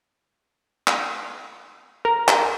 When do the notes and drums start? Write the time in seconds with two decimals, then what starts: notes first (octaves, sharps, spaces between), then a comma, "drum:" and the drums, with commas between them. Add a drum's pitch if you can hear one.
0.87 drum: clap
2.05 A#4 A#5
2.28 drum: clap